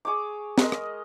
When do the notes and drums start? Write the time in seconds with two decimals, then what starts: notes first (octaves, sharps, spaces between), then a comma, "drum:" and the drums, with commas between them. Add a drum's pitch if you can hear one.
0.05 G#4 C#5 C#6 D6
0.58 G#3 A#4 D#5, drum: snare
0.72 drum: rim click